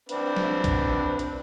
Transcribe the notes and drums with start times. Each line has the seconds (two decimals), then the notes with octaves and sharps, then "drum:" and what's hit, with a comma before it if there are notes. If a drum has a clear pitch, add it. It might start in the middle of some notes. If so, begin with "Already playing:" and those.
0.09 C4 D4 B4, drum: hi-hat
0.37 drum: snare
0.64 drum: kick A#1, hi-hat
1.19 drum: hi-hat